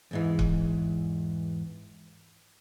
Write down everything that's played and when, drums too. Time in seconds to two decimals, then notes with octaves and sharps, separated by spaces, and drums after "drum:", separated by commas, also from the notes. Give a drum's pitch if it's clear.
0.11 E2 G#2 E3
0.39 drum: kick